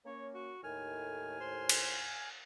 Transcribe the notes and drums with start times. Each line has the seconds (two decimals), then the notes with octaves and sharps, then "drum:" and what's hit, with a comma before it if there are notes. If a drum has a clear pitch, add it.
0.06 A#3 C#4 C#5
0.34 F#4
0.64 D#2 A2 D#3 G#5 F6
1.40 C5
1.69 drum: cymbal